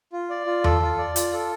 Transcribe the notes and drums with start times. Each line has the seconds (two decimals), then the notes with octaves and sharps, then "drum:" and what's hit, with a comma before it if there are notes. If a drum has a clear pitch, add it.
0.12 F4
0.30 D5
0.46 F4
0.64 A4, drum: tom E2
0.82 F4
0.98 D5
1.16 F4, drum: hi-hat
1.33 A4